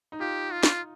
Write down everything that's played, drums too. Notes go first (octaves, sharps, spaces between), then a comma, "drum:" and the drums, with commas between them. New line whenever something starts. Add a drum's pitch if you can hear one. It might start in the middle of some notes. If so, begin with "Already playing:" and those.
D#4
F4 G4
F4
drum: snare